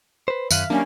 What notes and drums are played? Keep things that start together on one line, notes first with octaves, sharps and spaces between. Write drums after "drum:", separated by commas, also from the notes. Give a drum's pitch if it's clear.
B4 C5
F#2 D#3 E5 F5 F#6 B6 D#7, drum: tambourine
F#3 G3 A#3 C#4 D4